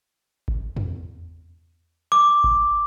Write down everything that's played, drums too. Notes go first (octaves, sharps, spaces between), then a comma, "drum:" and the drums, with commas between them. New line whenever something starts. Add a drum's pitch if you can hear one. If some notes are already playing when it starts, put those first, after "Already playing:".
drum: kick G#1
drum: tom
D6
drum: kick G#1